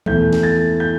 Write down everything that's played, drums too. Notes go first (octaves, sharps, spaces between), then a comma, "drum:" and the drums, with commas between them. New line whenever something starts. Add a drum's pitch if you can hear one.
E2 E3 A3 G6, drum: tom E3
drum: snare
A6
G6